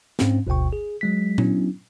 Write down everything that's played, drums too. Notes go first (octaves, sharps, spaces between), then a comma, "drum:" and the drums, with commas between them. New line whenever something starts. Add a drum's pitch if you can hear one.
G#2 C4 C#4, drum: snare
G1 D2 B2 G5 C#6
G#4
F#3 G#3 B6
F#3 B3 C#4 D4 E4, drum: tom A#2